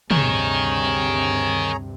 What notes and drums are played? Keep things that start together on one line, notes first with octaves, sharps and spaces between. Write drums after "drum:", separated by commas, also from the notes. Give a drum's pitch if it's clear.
D2 G2 C3 D#3 G#4 C#5 A#5, drum: tom